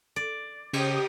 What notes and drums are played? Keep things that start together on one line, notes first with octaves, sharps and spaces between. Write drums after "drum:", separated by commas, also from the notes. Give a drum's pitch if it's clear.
D5
C#3 G4 G5 D#6, drum: cymbal